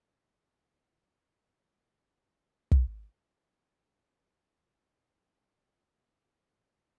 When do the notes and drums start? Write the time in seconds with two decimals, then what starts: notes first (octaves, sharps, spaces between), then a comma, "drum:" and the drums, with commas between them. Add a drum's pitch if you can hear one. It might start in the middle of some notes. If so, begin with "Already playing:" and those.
0.20 C#3
0.43 B1
0.64 C#6
0.89 A4
1.17 A3
1.35 A#5
1.63 A6
1.95 C#4
2.71 drum: kick
3.31 G#1 D#2 A2 C3
3.56 G#2 B3
3.88 C#3 F3 F#3 B3
4.23 C#2 B2 D3
5.65 F#3 A3 C#4 F#4 G4